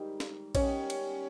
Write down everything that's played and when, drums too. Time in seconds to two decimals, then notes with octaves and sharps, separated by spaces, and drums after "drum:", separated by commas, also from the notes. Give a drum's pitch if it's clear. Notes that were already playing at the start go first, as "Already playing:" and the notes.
Already playing: G#2 D#3 G3
0.20 drum: snare
0.55 D#3 G3 B3 C#4, drum: kick A#1, cymbal
0.90 drum: cymbal